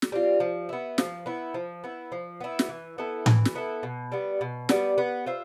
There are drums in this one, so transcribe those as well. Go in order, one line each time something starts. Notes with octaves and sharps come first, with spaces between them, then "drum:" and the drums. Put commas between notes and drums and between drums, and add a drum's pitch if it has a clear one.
drum: snare
G3 C4 F4
F3
B3 E4
F3, drum: snare
B3 E4
F3
B3 E4
F3
B3 E4
drum: snare
E3
B3 E4 A4
E3, drum: tom A2
drum: snare
B3 E4 A4
B2
G3 B3
B2
G3 B3, drum: snare
B3
F4 C5 E5